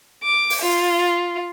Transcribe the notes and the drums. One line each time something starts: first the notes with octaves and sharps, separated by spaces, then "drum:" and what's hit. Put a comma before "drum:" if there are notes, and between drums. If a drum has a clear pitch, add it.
D6
drum: open hi-hat
F4